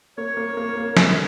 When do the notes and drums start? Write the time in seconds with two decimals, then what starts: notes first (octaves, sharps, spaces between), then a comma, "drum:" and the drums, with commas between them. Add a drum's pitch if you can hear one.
0.18 A#3 C#5
0.37 A#3
0.57 A#3
0.77 A#3
0.97 A#3, drum: snare